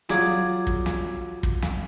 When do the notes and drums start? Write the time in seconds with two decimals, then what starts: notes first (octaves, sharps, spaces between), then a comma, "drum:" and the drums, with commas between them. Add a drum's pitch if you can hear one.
0.09 F#3 F4 G#4 D5 G#5, drum: snare
0.67 drum: kick
0.86 drum: snare
1.43 drum: kick
1.62 drum: snare